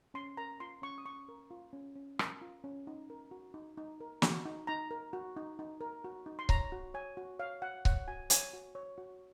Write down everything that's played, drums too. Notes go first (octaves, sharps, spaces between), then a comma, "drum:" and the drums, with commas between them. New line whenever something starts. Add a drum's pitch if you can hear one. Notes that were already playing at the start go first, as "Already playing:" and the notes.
C#4 C6
A#4 A#5
F4 C6
C#4 C#6
D#6
C#4 C#6
A#4
F4
C#4
C#4
A#4, drum: rim click
F4
C#4
D#4
A#4
F#4
D#4
D#4
A#4
F#4, drum: snare
D#4
D#4 A#5
A#4
F#4
D#4
D#4
A#4
F#4
D#4
C6
C#5 A#5, drum: kick C#1
F#4
C#5 G#5
F#4
C#5 F5
F#4 F#5
C#5 F#5, drum: kick C#1
F#4 G#5
C#5 G#5, drum: hi-hat
F#4
C#5
F#4